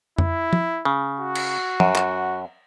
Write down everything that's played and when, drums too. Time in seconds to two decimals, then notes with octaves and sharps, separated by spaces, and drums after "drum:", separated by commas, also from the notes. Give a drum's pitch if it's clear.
0.18 E4, drum: tom F2
0.53 drum: tom
0.85 C#3
1.20 F#4
1.35 drum: cymbal
1.80 F#2, drum: tom
1.96 drum: clap